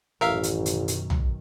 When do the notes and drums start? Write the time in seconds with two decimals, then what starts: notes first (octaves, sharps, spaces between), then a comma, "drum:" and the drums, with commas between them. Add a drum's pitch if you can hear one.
0.21 A1 F#2 B2 D#3 A#4 E5 F5
0.43 drum: hi-hat
0.66 drum: hi-hat
0.88 drum: hi-hat
1.10 drum: tom